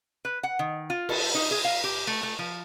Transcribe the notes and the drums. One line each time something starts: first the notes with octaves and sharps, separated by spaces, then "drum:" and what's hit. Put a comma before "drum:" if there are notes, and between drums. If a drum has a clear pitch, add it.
B4
F#5
D#3
F4
A4, drum: cymbal
D#4
G#4
F5
G4
A3
A3
F3